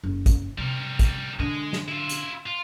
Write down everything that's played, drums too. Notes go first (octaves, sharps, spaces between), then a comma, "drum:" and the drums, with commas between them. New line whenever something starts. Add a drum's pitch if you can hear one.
F#1
drum: kick, hi-hat
C3 G3 A#4
drum: kick, hi-hat
D3 G#3 D#5
drum: snare
E4 F4
drum: hi-hat
F4